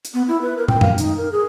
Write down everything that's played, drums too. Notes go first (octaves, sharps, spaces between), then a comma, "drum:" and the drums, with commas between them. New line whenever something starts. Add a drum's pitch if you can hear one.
drum: hi-hat
B3
E4
B4
A#4
G5, drum: tom
F5, drum: tom F#2
D#4, drum: hi-hat
A#4
G#4